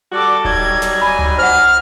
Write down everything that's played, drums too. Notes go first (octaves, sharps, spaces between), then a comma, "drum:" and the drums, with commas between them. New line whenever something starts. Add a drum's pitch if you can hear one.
G3 F#4 A4 D6
F#3 G3 D#4 G#6, drum: kick D#1
drum: snare
G#5 B5
drum: tom C#2
C5 F#5 F6